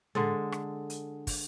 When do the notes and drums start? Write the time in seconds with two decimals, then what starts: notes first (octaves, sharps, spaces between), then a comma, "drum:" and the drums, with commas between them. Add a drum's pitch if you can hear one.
0.15 D3 G#3 A4, drum: tom A2
0.52 drum: rim click
0.90 drum: hi-hat
1.27 drum: kick, open hi-hat